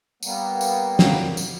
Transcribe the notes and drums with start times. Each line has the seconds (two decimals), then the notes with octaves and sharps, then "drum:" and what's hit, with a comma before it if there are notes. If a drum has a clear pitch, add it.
0.23 G3 A#3 B3, drum: tambourine
0.61 drum: tambourine
0.99 drum: snare
1.37 drum: tambourine